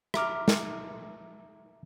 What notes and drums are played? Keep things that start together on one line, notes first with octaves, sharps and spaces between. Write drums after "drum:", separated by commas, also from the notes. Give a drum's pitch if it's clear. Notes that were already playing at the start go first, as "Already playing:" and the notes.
E5 A#5 D6 F6, drum: rim click
drum: snare